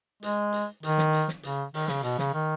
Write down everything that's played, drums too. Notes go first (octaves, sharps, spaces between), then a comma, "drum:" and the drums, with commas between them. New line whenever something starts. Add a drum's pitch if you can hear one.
G#3, drum: hi-hat
drum: hi-hat
D#3, drum: hi-hat
drum: snare
drum: hi-hat
drum: snare
C#3, drum: hi-hat
D#3, drum: open hi-hat
C#3, drum: snare
B2, drum: hi-hat
C#3, drum: snare
D#3